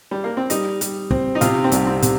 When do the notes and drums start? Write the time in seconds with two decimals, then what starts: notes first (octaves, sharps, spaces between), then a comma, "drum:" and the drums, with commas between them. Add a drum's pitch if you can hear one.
0.11 G3
0.24 A#3
0.37 C4
0.50 G3 D#4, drum: hi-hat
0.81 G3, drum: hi-hat
1.11 C4, drum: kick
1.35 D#4
1.41 C3 F4, drum: hi-hat
1.64 C4
1.72 C2, drum: hi-hat
1.87 C4
2.02 C3, drum: hi-hat